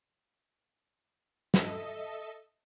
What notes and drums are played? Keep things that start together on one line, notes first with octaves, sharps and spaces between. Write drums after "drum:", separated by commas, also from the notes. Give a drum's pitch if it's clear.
A4 D#5 E5, drum: snare